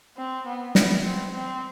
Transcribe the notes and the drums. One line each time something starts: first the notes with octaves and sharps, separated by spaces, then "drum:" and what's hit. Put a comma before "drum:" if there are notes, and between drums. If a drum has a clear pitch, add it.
C4
B3
B3, drum: snare
C4
C4